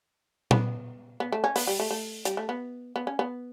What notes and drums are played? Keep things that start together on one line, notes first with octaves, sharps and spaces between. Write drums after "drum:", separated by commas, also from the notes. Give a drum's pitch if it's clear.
B3, drum: tom A#2
B3
A3
C#4
B3, drum: open hi-hat
G3
A3
A3
G3, drum: hi-hat
A3
B3
B3
C#4
B3